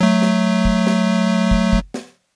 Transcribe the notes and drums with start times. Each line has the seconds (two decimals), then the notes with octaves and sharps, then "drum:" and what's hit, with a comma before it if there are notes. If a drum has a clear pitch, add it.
0.01 F#3 A3
0.22 drum: snare
0.65 drum: kick
0.87 drum: snare
1.51 drum: kick
1.73 drum: kick
1.94 drum: snare